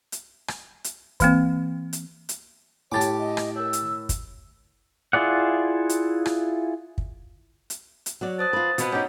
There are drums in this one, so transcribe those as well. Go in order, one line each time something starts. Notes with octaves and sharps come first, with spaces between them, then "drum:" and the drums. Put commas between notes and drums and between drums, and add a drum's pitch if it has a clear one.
drum: hi-hat
drum: rim click
drum: hi-hat
E3 A#3 C4, drum: kick, hi-hat
drum: hi-hat
drum: hi-hat
A2 G4 C#5 G#5 A5 D6 A6
drum: hi-hat
D#5
drum: rim click
A#4 C#5 E6
drum: hi-hat
drum: kick, hi-hat
E4 F4 G#4 D5 F#5
drum: hi-hat
drum: rim click
drum: kick
drum: hi-hat
drum: hi-hat
F#3 F#4 D5
C5 A5 D#6 F#6
F4 B4
B2 B3 F4 B4, drum: hi-hat
C#4 D#4 G4 C#5 F#5